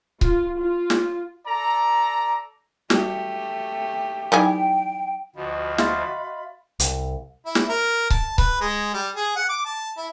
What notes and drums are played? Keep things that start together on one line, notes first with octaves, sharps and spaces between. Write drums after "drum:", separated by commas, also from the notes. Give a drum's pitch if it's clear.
F4, drum: kick C#1
F4
drum: snare
A4 D5 A#5
G3 A3 F#4 G4, drum: snare
E3 F#3 G3 D#4 G#4 G5 D6
D2 F3 F#4 D#5 B5
E5 F5 C6 A6, drum: snare
C2, drum: hi-hat
E4
drum: snare
A#4
A5, drum: kick C#1
B4, drum: kick C#1
G#3
G3
G#4
F#5
D6
A5
E4